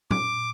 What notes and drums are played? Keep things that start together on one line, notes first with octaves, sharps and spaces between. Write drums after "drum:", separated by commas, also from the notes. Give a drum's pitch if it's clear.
D6, drum: tom A#2